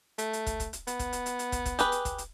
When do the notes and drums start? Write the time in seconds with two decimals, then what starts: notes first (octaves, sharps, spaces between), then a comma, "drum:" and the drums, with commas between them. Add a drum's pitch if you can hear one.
0.18 A3, drum: hi-hat
0.33 drum: hi-hat
0.46 drum: kick, hi-hat
0.60 drum: kick, hi-hat
0.73 drum: hi-hat
0.87 B3, drum: hi-hat
0.99 drum: kick, hi-hat
1.13 drum: hi-hat
1.26 drum: hi-hat
1.39 drum: hi-hat
1.52 drum: kick, hi-hat
1.65 drum: kick, hi-hat
1.79 G4 G#4 B4, drum: hi-hat
1.92 drum: hi-hat
2.05 drum: kick, hi-hat
2.18 drum: hi-hat